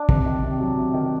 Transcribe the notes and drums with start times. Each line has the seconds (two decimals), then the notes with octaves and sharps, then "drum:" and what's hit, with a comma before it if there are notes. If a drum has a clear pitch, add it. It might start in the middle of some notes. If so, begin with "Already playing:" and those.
Already playing: D4
0.09 C3, drum: kick
0.26 D#3
0.43 C3
0.60 F#3
0.77 C3
0.94 D#3